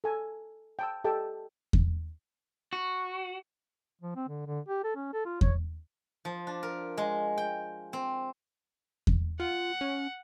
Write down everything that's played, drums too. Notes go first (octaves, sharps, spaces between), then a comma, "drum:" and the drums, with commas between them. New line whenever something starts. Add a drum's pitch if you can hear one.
A4 G#5
G5 A5 E6
G4 A4 D#5 G5 A5
drum: kick E2
F#4
F3
C4
D3
D3
G4
A4
C#4
A4
F4
C#5, drum: kick E2
F3
D4
A#4
G#3
G5
C4
drum: kick E2
F4 F#5
C#4